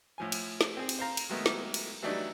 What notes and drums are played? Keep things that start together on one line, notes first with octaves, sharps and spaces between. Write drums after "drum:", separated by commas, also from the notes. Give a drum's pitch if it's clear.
A2 F3 G#5
drum: cymbal
drum: snare
C4 G#4
drum: cymbal
C5 F5 A#5
drum: cymbal
D#3 F#3 G#3 A3 B3
drum: snare
drum: cymbal
E3 F#3 G3 A3 D4 D#4